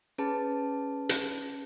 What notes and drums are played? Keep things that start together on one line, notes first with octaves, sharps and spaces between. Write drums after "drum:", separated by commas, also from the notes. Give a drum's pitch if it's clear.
C#4 G#4 B4 A5
drum: hi-hat